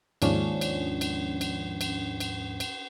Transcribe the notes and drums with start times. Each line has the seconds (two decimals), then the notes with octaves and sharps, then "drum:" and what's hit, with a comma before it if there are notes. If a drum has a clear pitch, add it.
0.22 D#2 G#2 F3 C#4 D4, drum: cymbal
0.61 drum: cymbal
1.01 drum: cymbal
1.41 drum: cymbal
1.81 drum: cymbal
2.20 drum: cymbal
2.60 drum: cymbal